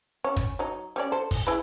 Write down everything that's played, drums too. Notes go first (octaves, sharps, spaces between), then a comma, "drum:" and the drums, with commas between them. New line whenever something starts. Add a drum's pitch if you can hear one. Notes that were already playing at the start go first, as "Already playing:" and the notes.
C#4
drum: kick, hi-hat
F#3 D#4
G3 C#4 D5
A4 C5
drum: kick, open hi-hat
E4 G#4 B4